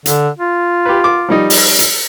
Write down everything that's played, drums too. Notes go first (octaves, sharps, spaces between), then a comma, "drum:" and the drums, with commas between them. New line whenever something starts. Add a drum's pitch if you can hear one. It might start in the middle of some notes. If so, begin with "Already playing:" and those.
D3, drum: hi-hat
F4
G4 B4
D6
F3 G3 D#4
drum: open hi-hat
drum: hi-hat